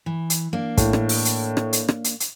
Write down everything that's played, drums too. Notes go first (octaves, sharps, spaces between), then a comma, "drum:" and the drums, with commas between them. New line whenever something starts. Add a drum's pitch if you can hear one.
E3
drum: hi-hat
A#3 D4
A2, drum: kick, hi-hat
drum: rim click
drum: open hi-hat
drum: hi-hat
drum: rim click
drum: hi-hat
drum: rim click
drum: hi-hat
drum: hi-hat